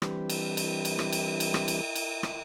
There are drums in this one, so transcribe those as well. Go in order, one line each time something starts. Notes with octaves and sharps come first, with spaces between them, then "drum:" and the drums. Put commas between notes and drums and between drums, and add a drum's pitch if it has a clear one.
E3 G3 C4 D4 G4 B4, drum: rim click
drum: cymbal
drum: cymbal
drum: cymbal
drum: rim click
drum: cymbal
drum: cymbal
drum: rim click
drum: cymbal
drum: cymbal
drum: rim click